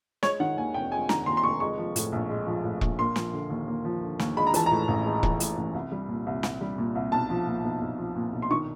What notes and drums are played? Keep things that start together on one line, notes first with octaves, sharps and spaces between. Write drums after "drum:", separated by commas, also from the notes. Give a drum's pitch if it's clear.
G#3 C#5, drum: snare
D#3 F#5
D#2 G#5
F1 G5
G#3 G#5
D#3 A#5, drum: snare
D#2 C6
C6
F1 C#6
G#3 C#6
F3
A2, drum: hi-hat
A#1
G#3
F3
A2
A#1, drum: kick E1
A#3 C6
F3, drum: snare
D3
D#2
A#3
F3
D3
D#2, drum: snare
G#3 B5
A#5
E3 A5, drum: hi-hat
A#5
A2
A1
G#3
E3, drum: kick E1
A2, drum: hi-hat
A1
C2
G3
A#2
C2
C2, drum: snare
G3
A#2
C2
B1 A5
F3
A#2
B1
B1
F3
A#2
B1
C6
D#3 C#6